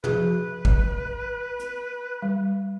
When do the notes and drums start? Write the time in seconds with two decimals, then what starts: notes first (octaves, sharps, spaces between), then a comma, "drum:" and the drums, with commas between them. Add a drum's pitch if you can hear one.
0.04 F3 F#4 G#4 B4, drum: tom
0.65 drum: kick
1.59 drum: hi-hat
2.22 G3